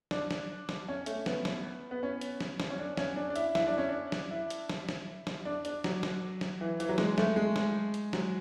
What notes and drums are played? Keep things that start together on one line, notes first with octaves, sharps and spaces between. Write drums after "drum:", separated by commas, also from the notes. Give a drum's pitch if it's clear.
D4, drum: snare
drum: snare
drum: snare
C#4
A3, drum: hi-hat
B3, drum: snare
drum: snare
B3
C#4
drum: hi-hat
drum: snare
drum: snare
C#4
D4
C#4, drum: snare
D4
D4
E4, drum: hi-hat
E4, drum: snare
D4
C#4
D4
drum: snare
E4
drum: hi-hat
drum: snare
drum: snare
drum: snare
D4
D4, drum: hi-hat
F#3, drum: snare
drum: snare
drum: snare
E3
E3, drum: hi-hat
F#3
G#3, drum: snare
A3, drum: snare
G#3
drum: snare
drum: hi-hat
F#3, drum: snare